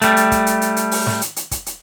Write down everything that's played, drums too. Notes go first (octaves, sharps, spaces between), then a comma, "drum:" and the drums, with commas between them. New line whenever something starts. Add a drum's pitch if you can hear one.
G3 A3, drum: hi-hat
drum: hi-hat
drum: kick, hi-hat
drum: hi-hat
drum: hi-hat
drum: hi-hat
drum: open hi-hat
drum: snare
drum: hi-hat
drum: hi-hat
drum: kick, hi-hat
drum: hi-hat